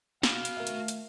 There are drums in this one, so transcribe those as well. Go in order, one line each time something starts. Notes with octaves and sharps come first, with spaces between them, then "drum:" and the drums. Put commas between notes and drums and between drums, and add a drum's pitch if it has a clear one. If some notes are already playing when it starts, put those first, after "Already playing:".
F#4 F5 B5, drum: snare
drum: hi-hat
D#3 A3 A#4 E5
drum: hi-hat
drum: hi-hat